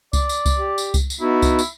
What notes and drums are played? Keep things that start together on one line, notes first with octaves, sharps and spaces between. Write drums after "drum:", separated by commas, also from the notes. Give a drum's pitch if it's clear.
D5, drum: kick C2, tambourine
drum: tambourine
drum: kick C2, tambourine
G4
drum: tambourine
drum: kick C2, tambourine
drum: tambourine
B3 D#4 E4 F#4
drum: kick C2, tambourine
drum: tambourine